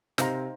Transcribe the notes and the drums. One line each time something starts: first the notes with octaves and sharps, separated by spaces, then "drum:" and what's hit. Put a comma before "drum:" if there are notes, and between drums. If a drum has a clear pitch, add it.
C3 D#4 C5 F5 A#5, drum: snare